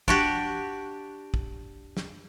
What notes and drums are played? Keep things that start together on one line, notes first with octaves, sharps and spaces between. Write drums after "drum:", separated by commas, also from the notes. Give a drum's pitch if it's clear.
D4 F#4 G4, drum: kick
drum: kick
drum: snare